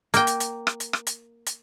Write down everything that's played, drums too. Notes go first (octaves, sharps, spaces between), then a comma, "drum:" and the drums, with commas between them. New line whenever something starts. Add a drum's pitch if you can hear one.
A#3 G5, drum: hi-hat
drum: hi-hat
drum: hi-hat
drum: rim click
drum: hi-hat
drum: rim click
drum: hi-hat
drum: hi-hat